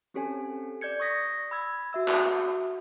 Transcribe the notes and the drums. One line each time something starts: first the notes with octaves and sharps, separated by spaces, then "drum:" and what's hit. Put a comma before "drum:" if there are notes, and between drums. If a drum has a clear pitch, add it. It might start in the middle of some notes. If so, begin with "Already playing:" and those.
C4 C#4 G4 A4 C#5 G#5
D5 G6 G#6 C#7
C#6 D#6 A#6 B6
B5 E6 G#6
F#4 E5 E6
drum: clap